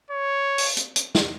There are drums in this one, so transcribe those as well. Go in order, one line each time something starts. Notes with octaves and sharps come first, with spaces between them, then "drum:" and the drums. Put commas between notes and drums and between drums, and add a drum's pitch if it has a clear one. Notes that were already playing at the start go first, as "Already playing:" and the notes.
C#5
drum: open hi-hat
drum: hi-hat
drum: hi-hat
drum: snare